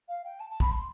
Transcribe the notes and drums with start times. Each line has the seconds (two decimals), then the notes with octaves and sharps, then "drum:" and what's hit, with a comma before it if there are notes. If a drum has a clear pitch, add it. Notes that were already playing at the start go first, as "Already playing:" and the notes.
0.08 F5
0.24 G5
0.39 A5
0.50 A5
0.60 B5, drum: kick
0.70 C6